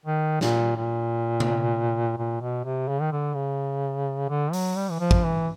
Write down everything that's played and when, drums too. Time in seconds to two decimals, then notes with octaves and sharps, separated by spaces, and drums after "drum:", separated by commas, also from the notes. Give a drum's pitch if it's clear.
0.06 D#3
0.41 A#2, drum: snare
0.76 A#2
1.40 drum: tom C3
2.18 A#2
2.41 B2
2.65 C3
2.88 C#3
3.01 D#3
3.12 D3
3.35 C#3
4.29 D3
4.53 F#3, drum: open hi-hat
4.76 G3
4.91 E3
5.00 F3
5.11 drum: kick
5.24 E3